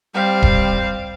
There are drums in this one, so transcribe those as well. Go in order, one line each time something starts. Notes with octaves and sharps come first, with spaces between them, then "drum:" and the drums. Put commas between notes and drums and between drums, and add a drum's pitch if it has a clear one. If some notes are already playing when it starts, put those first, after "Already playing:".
G3 C4 F5
drum: kick D#1